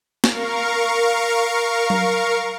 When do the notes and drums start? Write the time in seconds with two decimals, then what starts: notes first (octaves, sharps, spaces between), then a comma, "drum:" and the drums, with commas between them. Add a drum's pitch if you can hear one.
0.24 A#4 F5 C#6, drum: snare
1.90 drum: tom F#3